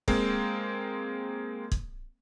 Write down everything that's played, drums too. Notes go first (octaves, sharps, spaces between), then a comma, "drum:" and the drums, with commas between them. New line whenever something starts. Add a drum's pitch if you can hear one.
G#3 A#3 C4, drum: kick
drum: kick